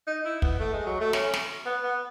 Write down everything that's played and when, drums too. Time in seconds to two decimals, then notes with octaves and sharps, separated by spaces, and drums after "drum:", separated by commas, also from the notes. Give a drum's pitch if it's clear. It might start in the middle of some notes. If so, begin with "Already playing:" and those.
0.07 D#4
0.25 E4
0.42 B3, drum: kick
0.60 A3
0.73 G#3
0.86 F#3
1.00 A3
1.13 C#4, drum: snare
1.34 drum: snare
1.66 B3
1.83 B3